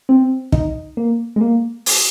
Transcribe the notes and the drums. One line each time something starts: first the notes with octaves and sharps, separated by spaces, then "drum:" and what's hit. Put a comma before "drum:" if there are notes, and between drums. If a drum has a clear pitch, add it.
C4
D#4, drum: kick
A#3
G#3
A#3
drum: open hi-hat